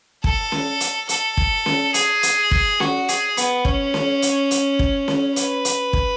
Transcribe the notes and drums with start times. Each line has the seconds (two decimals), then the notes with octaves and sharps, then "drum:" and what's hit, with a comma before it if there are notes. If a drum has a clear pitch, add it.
0.24 A4, drum: kick
0.52 drum: snare C#4
0.80 drum: hi-hat
1.09 A4, drum: hi-hat
1.37 drum: kick
1.66 drum: snare C#4
1.94 G#4, drum: hi-hat
2.23 drum: hi-hat
2.51 drum: kick
2.80 F#4, drum: snare C#4
3.09 G#4, drum: hi-hat
3.37 B3, drum: hi-hat
3.65 C#4, drum: kick
3.94 drum: snare C#4
4.22 drum: hi-hat
4.51 drum: hi-hat
4.79 drum: kick
5.08 drum: snare C#4
5.36 B4, drum: hi-hat
5.65 drum: hi-hat
5.93 drum: kick